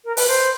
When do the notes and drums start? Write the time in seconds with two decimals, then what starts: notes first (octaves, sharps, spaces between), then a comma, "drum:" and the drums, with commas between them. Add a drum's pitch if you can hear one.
0.05 A#4
0.17 B4, drum: open hi-hat
0.29 C5